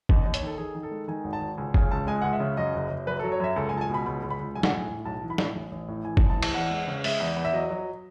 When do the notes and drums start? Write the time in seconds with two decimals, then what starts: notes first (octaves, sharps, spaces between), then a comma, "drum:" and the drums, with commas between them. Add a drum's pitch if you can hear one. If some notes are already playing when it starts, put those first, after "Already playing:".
0.09 D#2 D#5, drum: kick G1
0.21 D#5
0.25 D#2
0.34 C#5, drum: hi-hat
0.42 D#3 A4
0.58 D#3 G#4
0.75 D#3
0.83 A4
0.91 G#3
1.08 D#3 G#5
1.24 G#1
1.33 A5
1.41 G#1
1.58 C#2 G#5
1.74 C#3 G#5, drum: kick G1
1.91 C#2 A5
2.07 G#3 G#5
2.22 C#2 F#5
2.33 E5
2.40 C#3
2.57 F#2 D#5
2.74 F#1
2.91 F#1
3.07 F#2 B4
3.19 A4
3.24 F#3
3.32 C#5
3.40 F#2 E5
3.56 C#2 A4
3.69 G#5
3.73 C#2 A5
3.81 G#5
3.90 B2 B5
4.06 C#2 B5
4.23 C#2
4.30 B5
4.40 C#2
4.55 B1 G#5
4.63 F#5, drum: snare
4.70 A2 G#5
4.89 A2
5.05 B1 A5
5.22 E3
5.30 B5
5.38 A2, drum: snare
5.55 A1
5.71 A1
5.88 A2
6.05 E3 G#5
6.17 A5, drum: kick G1
6.21 A1
6.30 A5
6.37 E3
6.43 A5, drum: cymbal
6.54 E2 F#5
6.71 G#3
6.88 C#3
7.04 G#3 E5, drum: open hi-hat
7.20 E2
7.36 E2
7.45 E5
7.53 F#3 D#5
7.70 F#3